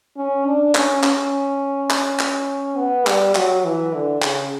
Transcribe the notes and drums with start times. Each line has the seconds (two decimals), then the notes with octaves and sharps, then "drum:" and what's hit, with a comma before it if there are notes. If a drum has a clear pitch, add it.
0.17 C#4
0.46 D4
0.75 C#4, drum: clap
1.03 C#4, drum: clap
1.91 drum: clap
2.19 drum: clap
2.77 B3
3.07 G3, drum: clap
3.35 F#3, drum: clap
3.65 E3
3.93 D3
4.22 C#3, drum: clap